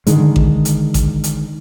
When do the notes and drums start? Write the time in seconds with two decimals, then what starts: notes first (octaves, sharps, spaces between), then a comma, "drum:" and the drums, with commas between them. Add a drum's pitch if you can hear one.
0.07 D3 D#3 G#3, drum: hi-hat
0.36 drum: kick A1
0.65 drum: hi-hat
0.94 drum: kick A1, hi-hat
1.24 drum: hi-hat